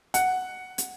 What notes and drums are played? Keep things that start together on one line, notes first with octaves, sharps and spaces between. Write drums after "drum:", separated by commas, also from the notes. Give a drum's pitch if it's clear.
F#5, drum: hi-hat
drum: hi-hat